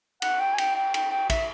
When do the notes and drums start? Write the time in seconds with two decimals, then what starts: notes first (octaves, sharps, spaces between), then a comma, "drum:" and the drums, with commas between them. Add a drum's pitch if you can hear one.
0.22 F#5, drum: cymbal
0.40 G5
0.54 G#5
0.58 G5, drum: cymbal
0.75 G5
0.94 G5, drum: cymbal
1.11 G5
1.30 E5, drum: kick, cymbal